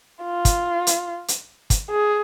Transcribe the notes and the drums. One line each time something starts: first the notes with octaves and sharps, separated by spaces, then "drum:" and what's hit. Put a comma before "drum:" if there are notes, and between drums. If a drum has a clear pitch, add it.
F4
drum: kick, hi-hat
drum: hi-hat
drum: hi-hat
drum: kick, hi-hat
G#4